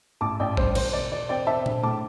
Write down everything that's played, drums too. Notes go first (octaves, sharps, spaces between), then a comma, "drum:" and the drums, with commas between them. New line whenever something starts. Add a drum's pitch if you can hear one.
A1 A5 D6
A1 D5 G5
G2 C5, drum: kick A1
E1 C5, drum: cymbal
E1 D5
E1 D5
C4 D5 G5
C4 E5 A5
D3, drum: tom A#2
A2 A5 D6